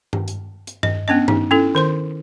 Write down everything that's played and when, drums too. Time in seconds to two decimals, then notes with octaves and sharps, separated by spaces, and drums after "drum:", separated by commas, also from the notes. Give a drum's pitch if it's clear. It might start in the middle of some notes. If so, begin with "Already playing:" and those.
0.13 drum: tom G2
0.28 drum: hi-hat
0.67 drum: hi-hat
0.83 D#5, drum: tom G2
1.08 B3 C#4 D4 D#5
1.28 D#4, drum: tom G2
1.51 C#4 E4 A4
1.75 D#3 C5 C6